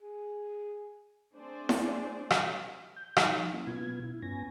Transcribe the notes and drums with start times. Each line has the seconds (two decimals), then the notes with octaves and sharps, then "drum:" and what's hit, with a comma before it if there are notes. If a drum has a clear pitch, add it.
0.01 G#4
1.36 A3 C4 D4 G#4 C5 D5
1.69 drum: snare E4
2.31 drum: rim click
2.96 G6
3.17 F3 D#4, drum: rim click
3.53 F#3 A#3 C#4 E4
3.67 B2 B3 F4 G#6
4.03 E4
4.22 G2 B3 C#4 G#5 A#6